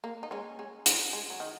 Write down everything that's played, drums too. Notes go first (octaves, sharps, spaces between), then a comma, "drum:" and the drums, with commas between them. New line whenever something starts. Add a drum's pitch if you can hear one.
A#3
D#4
G#3 C#4
G#3 C#4
G#3, drum: hi-hat
G#3
F#3
D#3